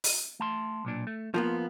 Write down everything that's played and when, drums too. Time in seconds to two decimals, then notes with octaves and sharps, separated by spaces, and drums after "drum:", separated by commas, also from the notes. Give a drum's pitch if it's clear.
0.04 drum: open hi-hat
0.40 A3 A5 C6
0.85 B1 A#2 D4
1.07 A3
1.34 F3 A#3 B3 F4